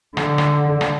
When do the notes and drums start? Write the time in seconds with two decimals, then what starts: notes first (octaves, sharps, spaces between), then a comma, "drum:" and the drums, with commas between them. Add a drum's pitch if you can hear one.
0.17 D3, drum: rim click
0.38 drum: rim click
0.81 drum: rim click